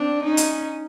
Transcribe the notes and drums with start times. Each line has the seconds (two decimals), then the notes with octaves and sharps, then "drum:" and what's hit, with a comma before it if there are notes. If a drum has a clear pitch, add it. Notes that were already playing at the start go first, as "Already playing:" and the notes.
Already playing: C4 D4
0.23 C#4 D#4
0.37 drum: hi-hat